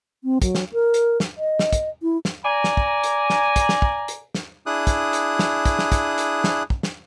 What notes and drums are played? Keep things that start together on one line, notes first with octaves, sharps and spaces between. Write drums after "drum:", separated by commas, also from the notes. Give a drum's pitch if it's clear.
C4
F#3, drum: kick, hi-hat
drum: snare
A#4
drum: hi-hat
drum: snare
D#5
drum: snare
drum: kick, hi-hat
E4
drum: snare
D5 G#5 A#5
drum: snare
drum: kick
drum: hi-hat
drum: snare
drum: kick, hi-hat
drum: snare
drum: kick
drum: hi-hat
drum: snare
D4 E4 G#4 D#6 F#6
drum: kick, hi-hat
drum: hi-hat
drum: snare
drum: kick, hi-hat
drum: snare
drum: kick, hi-hat
drum: hi-hat
drum: snare
drum: kick
drum: snare